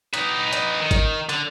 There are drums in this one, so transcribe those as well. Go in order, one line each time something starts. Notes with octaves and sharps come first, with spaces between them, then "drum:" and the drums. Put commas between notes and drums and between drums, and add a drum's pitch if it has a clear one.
D#4 B4, drum: hi-hat
drum: hi-hat
D#3
drum: kick G#1, hi-hat
D3, drum: hi-hat